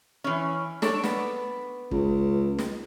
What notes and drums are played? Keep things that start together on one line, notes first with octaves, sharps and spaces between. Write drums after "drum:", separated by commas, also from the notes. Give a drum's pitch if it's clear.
E3 C#4
D4 A4 C#5, drum: snare
B3, drum: snare
C#2, drum: kick
drum: snare